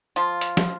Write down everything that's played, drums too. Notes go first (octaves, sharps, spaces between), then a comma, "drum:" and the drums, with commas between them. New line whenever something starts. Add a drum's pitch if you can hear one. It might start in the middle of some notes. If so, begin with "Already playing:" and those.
F3 F4
drum: hi-hat
drum: snare